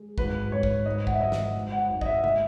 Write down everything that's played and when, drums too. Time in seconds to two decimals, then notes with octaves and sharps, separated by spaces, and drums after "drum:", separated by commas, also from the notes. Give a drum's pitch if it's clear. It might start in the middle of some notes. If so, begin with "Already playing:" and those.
Already playing: G#3
0.18 G#1 B4, drum: kick
0.51 G#1 C#5
0.63 drum: kick
0.86 G#2 D#5
1.07 F#5, drum: kick
1.14 E5
1.21 G#1 D#5
1.32 drum: snare
1.56 G#2
1.72 F#5
1.90 G#1
2.01 D#5, drum: kick
2.06 E5
2.24 E5, drum: tom